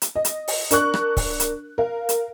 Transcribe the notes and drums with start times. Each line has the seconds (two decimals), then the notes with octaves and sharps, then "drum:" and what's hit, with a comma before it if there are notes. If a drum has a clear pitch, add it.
0.02 drum: hi-hat
0.16 D#5
0.25 drum: hi-hat
0.48 drum: open hi-hat
0.71 D4 A#4 C#6 F#6, drum: hi-hat
0.94 drum: rim click
1.17 drum: kick C#1, open hi-hat
1.40 drum: hi-hat
1.78 A#4 F5
2.09 drum: hi-hat